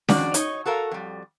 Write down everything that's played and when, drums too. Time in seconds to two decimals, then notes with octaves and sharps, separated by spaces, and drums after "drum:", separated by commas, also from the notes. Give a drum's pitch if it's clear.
0.09 F2 D#3 D4 F#4 D5, drum: snare C#4
0.34 D#4 C#5 D#5, drum: hi-hat
0.66 F#4 A4 A#4 F5
0.91 F2 G3